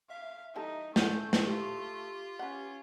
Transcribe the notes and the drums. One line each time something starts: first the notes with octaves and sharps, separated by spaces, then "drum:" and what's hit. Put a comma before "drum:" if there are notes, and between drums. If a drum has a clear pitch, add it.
E5 F5
E3 G3 D#4 A4
A3 C#4 G#4 F#5 G6, drum: snare
drum: snare
F4 G4
C#4 B4 F#5